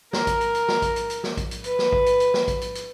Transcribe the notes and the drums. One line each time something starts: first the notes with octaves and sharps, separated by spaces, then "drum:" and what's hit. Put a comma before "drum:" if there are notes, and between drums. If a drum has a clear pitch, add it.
A#4, drum: snare
drum: kick A#1, hi-hat
drum: hi-hat
drum: hi-hat
drum: snare
drum: kick A#1, hi-hat
drum: hi-hat
drum: hi-hat
drum: snare
drum: kick A#1, hi-hat
drum: hi-hat
B4, drum: hi-hat
drum: snare
drum: kick A#1
drum: hi-hat
drum: hi-hat
drum: snare
drum: kick A#1, hi-hat
drum: hi-hat
drum: hi-hat